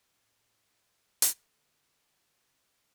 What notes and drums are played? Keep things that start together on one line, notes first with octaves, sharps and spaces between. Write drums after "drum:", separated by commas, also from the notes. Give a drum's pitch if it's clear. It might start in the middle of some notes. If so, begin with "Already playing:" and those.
A2
D3, drum: hi-hat
C3